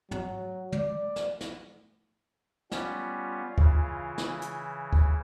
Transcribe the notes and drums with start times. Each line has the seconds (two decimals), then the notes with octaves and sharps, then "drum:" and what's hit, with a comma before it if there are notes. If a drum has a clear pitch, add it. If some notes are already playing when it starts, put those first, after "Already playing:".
0.11 F#3, drum: tom
0.72 D5, drum: tom
1.16 drum: snare
1.41 drum: snare
2.71 G3 B3 C#4 F4, drum: snare
3.58 C#3 E3, drum: kick D2
4.18 drum: snare
4.42 drum: hi-hat
4.93 drum: kick D2